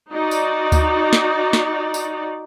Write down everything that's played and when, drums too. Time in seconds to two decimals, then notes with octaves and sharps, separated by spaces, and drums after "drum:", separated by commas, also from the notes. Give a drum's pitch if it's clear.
0.11 D#4 F#4 D5
0.31 drum: tambourine
0.72 drum: kick D2, tambourine
1.13 drum: snare
1.53 drum: snare
1.94 drum: tambourine